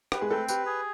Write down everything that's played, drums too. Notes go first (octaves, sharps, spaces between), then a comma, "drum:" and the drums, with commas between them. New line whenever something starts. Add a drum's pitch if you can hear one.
G4 B4, drum: rim click
G#3 G#4
A3 C4 A4
G4 B4, drum: tambourine
G#4